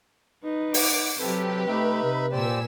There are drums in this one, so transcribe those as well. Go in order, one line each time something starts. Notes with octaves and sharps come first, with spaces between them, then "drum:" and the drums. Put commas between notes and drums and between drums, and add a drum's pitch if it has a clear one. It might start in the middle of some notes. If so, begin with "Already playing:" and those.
D#4 B4
F#5 D6, drum: open hi-hat
C3 F#3 G4 A4 B4
A3 D#4 E5 B5
C3
A#2 G4 C5 D5 G#5 E6